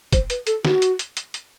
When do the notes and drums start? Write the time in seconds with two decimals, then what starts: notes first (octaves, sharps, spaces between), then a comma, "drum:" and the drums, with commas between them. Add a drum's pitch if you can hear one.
0.13 C5, drum: kick, hi-hat
0.30 B4, drum: hi-hat
0.47 A4, drum: hi-hat
0.65 F#4, drum: snare
0.82 drum: hi-hat
0.99 drum: hi-hat
1.17 drum: hi-hat
1.34 drum: hi-hat